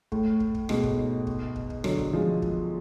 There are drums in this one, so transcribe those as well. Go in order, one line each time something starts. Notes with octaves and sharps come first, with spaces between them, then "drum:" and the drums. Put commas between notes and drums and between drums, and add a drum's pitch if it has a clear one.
A2, drum: kick
drum: kick
drum: kick
G#2 B2, drum: rim click
drum: kick
drum: kick
drum: kick
drum: kick
D3 F#3, drum: rim click
drum: kick
F3 G#3
drum: kick